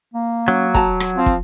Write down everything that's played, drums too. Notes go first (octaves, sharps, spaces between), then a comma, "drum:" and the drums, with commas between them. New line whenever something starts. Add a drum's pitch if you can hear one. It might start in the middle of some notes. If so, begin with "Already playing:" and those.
A#3
F#3 C#4
F#4 A5 A#5, drum: kick
drum: rim click
F3 C4
drum: kick